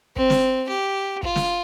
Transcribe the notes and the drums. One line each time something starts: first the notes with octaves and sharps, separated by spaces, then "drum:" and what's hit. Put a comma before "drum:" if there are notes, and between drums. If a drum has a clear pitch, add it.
C4, drum: kick
drum: snare
G4
F4, drum: kick
drum: snare